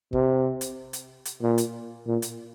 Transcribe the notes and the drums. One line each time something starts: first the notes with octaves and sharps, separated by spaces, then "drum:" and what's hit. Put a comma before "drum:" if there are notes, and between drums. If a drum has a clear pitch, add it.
C3, drum: kick
drum: hi-hat
drum: hi-hat
drum: hi-hat
A#2
drum: hi-hat
A#2
drum: hi-hat